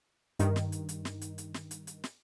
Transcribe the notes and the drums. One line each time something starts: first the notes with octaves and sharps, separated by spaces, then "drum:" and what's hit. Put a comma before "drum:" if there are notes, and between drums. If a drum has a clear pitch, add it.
G2 D#3, drum: hi-hat
drum: snare
drum: hi-hat
drum: hi-hat
drum: snare
drum: hi-hat
drum: hi-hat
drum: snare
drum: hi-hat
drum: hi-hat
drum: snare